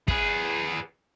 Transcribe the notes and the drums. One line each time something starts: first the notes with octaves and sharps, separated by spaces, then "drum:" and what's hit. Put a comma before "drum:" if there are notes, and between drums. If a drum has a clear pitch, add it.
G#4 B4, drum: kick